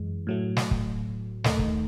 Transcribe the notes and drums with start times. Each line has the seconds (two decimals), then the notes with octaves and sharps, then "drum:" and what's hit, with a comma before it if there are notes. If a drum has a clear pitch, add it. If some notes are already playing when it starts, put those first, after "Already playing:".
Already playing: F#2 E3 G#3
0.27 A2 F#3 A3
0.57 drum: snare
0.71 drum: kick
1.44 D#2 D#3 A3 D#4, drum: snare
1.59 drum: kick